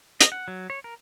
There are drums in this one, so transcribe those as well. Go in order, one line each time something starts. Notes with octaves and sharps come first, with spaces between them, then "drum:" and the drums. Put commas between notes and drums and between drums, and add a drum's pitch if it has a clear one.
D#5, drum: hi-hat
F#5
F#3
C#5
A#4